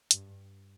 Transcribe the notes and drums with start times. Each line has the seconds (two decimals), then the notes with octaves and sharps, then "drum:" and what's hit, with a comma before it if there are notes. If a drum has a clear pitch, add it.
0.11 G2, drum: hi-hat